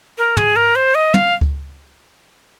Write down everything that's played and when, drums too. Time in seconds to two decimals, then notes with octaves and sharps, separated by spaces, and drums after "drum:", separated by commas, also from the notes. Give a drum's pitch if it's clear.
0.18 A#4
0.37 G#4, drum: tom
0.56 A#4
0.76 C5
0.95 D#5
1.14 F5, drum: tom
1.41 drum: kick C#2